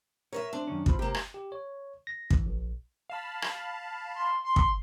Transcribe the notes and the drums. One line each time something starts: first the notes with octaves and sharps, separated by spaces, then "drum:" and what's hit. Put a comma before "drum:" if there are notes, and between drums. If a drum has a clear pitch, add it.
A#4 B4 C#5 D#5 E5
C4 D4
F#2 D#3 C#4
C4 F4 B5, drum: kick
C3 A#3 G4
drum: rim click
G4
C#5
A#6
E3, drum: kick
A#1
F5 A5 B5
drum: rim click
C6
C6
drum: kick